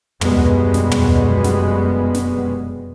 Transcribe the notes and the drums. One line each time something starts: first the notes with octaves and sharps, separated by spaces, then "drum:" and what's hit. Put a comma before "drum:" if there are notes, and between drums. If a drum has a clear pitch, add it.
F1 F#2 B2 G3 G#3 B3, drum: tom
drum: snare
drum: tom
drum: snare
drum: snare